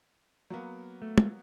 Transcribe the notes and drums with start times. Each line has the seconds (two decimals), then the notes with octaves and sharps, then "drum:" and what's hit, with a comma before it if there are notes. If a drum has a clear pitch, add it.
0.50 F#3 A#3 B3
1.02 A3
1.18 drum: tom